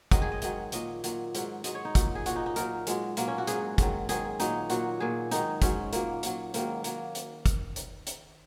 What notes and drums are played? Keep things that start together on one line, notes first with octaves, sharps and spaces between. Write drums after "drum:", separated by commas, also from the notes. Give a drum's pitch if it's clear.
G#2 D#3 F#3 D#5, drum: kick, hi-hat
G#4
D#5
G#2 D#3 F#3 D#5, drum: hi-hat
A#2 F#3 D#5, drum: hi-hat
A#2 F#3, drum: hi-hat
G#2 F#3, drum: hi-hat
G#2 F#3 D#5, drum: hi-hat
C#5
D#4
A#2 F#3, drum: kick, hi-hat
G#4
A#2 F#3 F#4, drum: hi-hat
D#4
D#4
A#2 F#3 A#4, drum: hi-hat
A#2 F#3 G#3, drum: hi-hat
A#2 F#3 A#3, drum: hi-hat
C#4
F#4
G#2 F#3 G#4, drum: hi-hat
G#2 D#3 F#3, drum: kick, hi-hat
G#2 D#3 F#3 G#4, drum: hi-hat
A#2 F#3 D#4, drum: hi-hat
A#2 F#3 F#4, drum: hi-hat
A#2 F#3 G#4
G#2 D#3 F#3 D#4, drum: hi-hat
G#2 F#3 C#4, drum: kick, hi-hat
A#2 F#3 A#3, drum: hi-hat
A#2 F#3, drum: hi-hat
G#2 D#3 F#3 A#3, drum: hi-hat
F#3 A#3, drum: hi-hat
drum: hi-hat
drum: kick, hi-hat
drum: hi-hat
drum: hi-hat